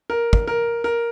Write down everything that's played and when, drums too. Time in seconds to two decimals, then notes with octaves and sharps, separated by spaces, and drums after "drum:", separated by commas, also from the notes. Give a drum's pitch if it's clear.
0.10 A#4
0.33 drum: kick
0.47 A#4
0.84 A#4